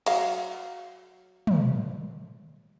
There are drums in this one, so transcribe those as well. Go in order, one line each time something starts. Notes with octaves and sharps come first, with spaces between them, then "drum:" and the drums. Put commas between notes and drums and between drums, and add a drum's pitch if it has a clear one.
F#3 F5, drum: cymbal
drum: tom